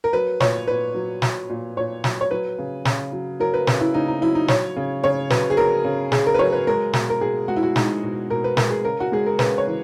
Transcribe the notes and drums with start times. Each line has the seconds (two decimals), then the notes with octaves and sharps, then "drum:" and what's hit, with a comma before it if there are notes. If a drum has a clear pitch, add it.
0.04 A#4
0.13 F#3 B4
0.40 A#2 C#5, drum: snare
0.67 A#2 B4
0.94 F#3
1.22 F#3, drum: snare
1.49 A#2
1.77 A#2 C#5
2.04 F#3, drum: snare
2.21 C#5
2.31 F#3 B4
2.58 C#3
2.85 C#3, drum: snare
3.12 F#3
3.40 F#3 A#4
3.54 B4
3.67 C#3 B4, drum: snare
3.80 E4
3.94 C#3 D#4
4.08 D#4
4.22 F#3 E4
4.35 D#4
4.48 F#3 C#5, drum: snare
4.76 C#3
5.04 C#3 C#5
5.30 F#3 B4, drum: snare
5.50 G#4
5.57 F#3 A#4
5.84 C#3
6.12 C#3 G#4, drum: snare
6.26 A#4
6.34 B4
6.39 F#3 C#5
6.53 B4
6.67 G#3 A#4
6.93 B2, drum: snare
7.10 A#4
7.21 B2 G#4
7.48 G#3 F#4
7.56 E4
7.63 F#4
7.76 G#3 D#4, drum: snare
8.03 B2
8.30 B2 A#4
8.44 B4
8.57 G#3 A#4, drum: snare
8.70 G#4
8.85 C#3 A#4
9.00 F#4
9.12 G#3 G#4
9.26 A#4
9.39 C#3 B4, drum: snare
9.58 C#5
9.67 E3